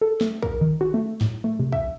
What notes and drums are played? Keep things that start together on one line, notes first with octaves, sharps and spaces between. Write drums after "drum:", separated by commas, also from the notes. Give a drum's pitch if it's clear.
A4
A3, drum: snare
A#4, drum: kick
D#3
F#4
A3
A2, drum: snare
A3
C3
E5, drum: kick